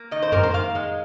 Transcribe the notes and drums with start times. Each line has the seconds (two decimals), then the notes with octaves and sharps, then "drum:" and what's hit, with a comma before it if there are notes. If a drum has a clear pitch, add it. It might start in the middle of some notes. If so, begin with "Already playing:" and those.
Already playing: A#3
0.11 D#3 D#5
0.22 C5
0.32 A#3 A#4, drum: tom F2
0.43 C5
0.54 D#3 F5
0.75 G#3